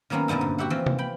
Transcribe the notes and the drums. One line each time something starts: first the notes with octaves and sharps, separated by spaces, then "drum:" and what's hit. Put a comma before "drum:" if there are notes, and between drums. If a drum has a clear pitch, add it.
D#3 F#3 A#3 B3 C#4
F2 A#2 D3 D#4 E4
G2
F#4 G4 E5 F#5
E3 F3 C4
drum: tom C3
G5 B5